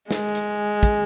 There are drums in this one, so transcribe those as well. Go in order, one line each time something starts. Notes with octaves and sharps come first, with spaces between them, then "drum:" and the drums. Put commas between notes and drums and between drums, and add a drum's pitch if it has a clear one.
G#3, drum: snare
drum: hi-hat
drum: kick, hi-hat